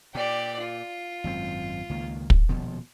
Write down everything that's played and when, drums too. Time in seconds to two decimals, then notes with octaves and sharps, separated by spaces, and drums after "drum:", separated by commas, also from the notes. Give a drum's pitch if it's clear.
0.15 A#2 G4 D5
0.61 F4
1.24 G#1 F#2 C4
1.89 C#2 D#3 A#3
2.30 drum: kick
2.49 D#1 B2 F3